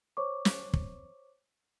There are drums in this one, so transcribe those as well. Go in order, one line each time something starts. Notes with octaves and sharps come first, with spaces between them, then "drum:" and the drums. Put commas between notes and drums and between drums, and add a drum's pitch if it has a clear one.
C5 C#5 C#6 D6
drum: snare
drum: kick